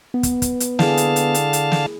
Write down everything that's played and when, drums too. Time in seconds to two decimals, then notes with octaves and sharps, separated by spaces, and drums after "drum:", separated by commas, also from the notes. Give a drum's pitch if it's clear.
0.14 B3
0.23 drum: kick, hi-hat
0.42 drum: kick, hi-hat
0.60 drum: hi-hat
0.79 D3 E4 G#4 F5 A5, drum: snare
0.97 drum: hi-hat
1.16 drum: hi-hat
1.34 drum: hi-hat
1.53 drum: hi-hat
1.72 drum: snare